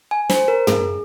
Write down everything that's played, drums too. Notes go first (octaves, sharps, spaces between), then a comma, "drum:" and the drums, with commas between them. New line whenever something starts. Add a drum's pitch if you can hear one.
G#5
C5, drum: snare
A#4
G#4, drum: tom